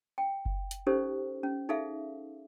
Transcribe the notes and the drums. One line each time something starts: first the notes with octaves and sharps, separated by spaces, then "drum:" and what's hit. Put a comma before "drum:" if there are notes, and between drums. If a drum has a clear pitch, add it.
G5
drum: kick F#1
drum: hi-hat
C#4 D#4 G4 A4 C5
C#4
D#4 G#4 A4 E5 F5